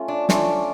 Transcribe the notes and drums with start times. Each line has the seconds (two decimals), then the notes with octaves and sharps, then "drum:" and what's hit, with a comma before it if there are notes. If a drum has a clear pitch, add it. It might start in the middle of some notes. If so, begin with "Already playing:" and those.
Already playing: A3 C#4 F4
0.08 D4
0.29 A3 C#4 D4 F4, drum: snare